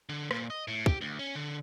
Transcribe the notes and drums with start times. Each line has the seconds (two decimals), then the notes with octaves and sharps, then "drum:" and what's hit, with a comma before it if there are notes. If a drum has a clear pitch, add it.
0.09 D3
0.31 A#2, drum: rim click
0.50 D#5
0.68 A2
0.86 G4, drum: kick
1.01 D2
1.19 C#4
1.35 D3